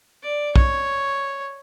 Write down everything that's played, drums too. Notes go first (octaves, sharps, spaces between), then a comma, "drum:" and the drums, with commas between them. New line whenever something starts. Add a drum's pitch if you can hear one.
D5
C#5, drum: kick